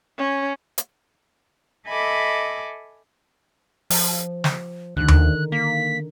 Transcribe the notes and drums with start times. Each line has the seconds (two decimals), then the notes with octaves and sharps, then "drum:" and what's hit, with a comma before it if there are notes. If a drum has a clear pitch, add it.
0.18 C#4
0.78 drum: hi-hat
1.88 A4 D#5 E5 G#5 B5 D6
3.90 F3, drum: open hi-hat
4.44 drum: snare
4.97 D2 D3 D#3 F#6
5.08 drum: tom D#2
5.52 A#3 B6